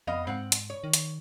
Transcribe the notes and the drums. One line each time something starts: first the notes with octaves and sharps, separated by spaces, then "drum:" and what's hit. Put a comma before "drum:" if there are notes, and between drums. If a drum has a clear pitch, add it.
F2 B3 D#5 F5
G#2 C4 F#5
drum: hi-hat
C#5
D#3
drum: hi-hat